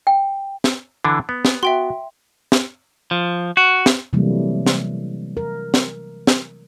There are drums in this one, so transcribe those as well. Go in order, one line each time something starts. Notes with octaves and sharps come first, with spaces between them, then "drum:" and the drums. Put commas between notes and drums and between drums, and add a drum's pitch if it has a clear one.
G5
drum: snare
D3 E3 D4
B3
drum: snare
F#4 E5 G5 C6
drum: snare
F3
F#4
drum: snare
C3 E3 F#3 G3 A3 A#3
drum: snare
A#4
drum: snare
drum: snare